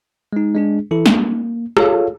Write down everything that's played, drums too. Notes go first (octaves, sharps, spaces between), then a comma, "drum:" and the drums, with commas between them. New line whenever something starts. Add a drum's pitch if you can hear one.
G#3 D#4
G#3 D4 G#4
E3 E4 A4
A#3, drum: snare
F4 G#4 A4 C#5 F5, drum: rim click